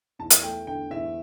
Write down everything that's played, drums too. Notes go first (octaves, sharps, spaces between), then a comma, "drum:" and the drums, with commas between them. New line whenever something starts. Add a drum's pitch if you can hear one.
E2 A5
drum: hi-hat
A3 G5
D3 G5
E2 E5